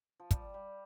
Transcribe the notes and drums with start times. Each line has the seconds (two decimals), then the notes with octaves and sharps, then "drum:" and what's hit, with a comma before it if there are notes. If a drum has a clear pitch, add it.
0.20 F3
0.31 G3, drum: kick, hi-hat
0.54 G3